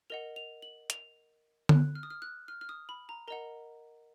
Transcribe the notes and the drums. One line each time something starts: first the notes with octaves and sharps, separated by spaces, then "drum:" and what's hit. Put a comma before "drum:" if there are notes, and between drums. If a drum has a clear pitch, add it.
A#4 D#5 F#5 F7
F7
F#7
F7, drum: hi-hat
F#6, drum: tom D3
F6
D#6
F6
F#6
F6
F6
D#6
B5
A#5
A#4 D#5 F#5 A#5